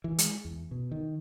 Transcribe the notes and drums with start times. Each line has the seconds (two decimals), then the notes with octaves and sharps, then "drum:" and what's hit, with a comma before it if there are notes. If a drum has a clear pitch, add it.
0.04 E3
0.18 G#3, drum: hi-hat
0.45 E2
0.71 B2
0.91 D#3